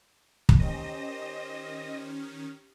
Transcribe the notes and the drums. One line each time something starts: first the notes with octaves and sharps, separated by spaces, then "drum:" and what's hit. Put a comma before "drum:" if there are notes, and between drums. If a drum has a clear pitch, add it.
drum: kick
D#3 C#4 G4 C5 D#5